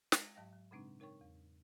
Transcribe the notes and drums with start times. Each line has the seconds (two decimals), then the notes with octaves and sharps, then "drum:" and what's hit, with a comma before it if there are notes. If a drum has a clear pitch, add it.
0.12 G#3 D#5, drum: snare
0.35 G#2 F#3 D#5 F5 G5 A#6
0.52 F#3
0.71 A#2 C#3 G#3 C4 D4 D#4
1.00 D#4 A#4 C#5 G5 C#6
1.21 E2